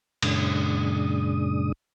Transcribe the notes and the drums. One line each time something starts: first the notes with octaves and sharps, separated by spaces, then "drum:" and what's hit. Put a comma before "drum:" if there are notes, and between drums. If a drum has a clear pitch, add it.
F#2 A#2 C#3 G#3 D4 D#6, drum: cymbal